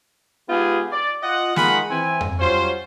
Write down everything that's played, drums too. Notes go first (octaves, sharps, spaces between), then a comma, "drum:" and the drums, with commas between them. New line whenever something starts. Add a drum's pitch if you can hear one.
G#3 B3 D#4 F4 G4 G#4
D5
F4 D#5 F#5
D#3 G#3 F4 G#4 F#5 B5, drum: snare
E3 C4 G#5
drum: tom F2
F#3 G3 C#4 F4 C5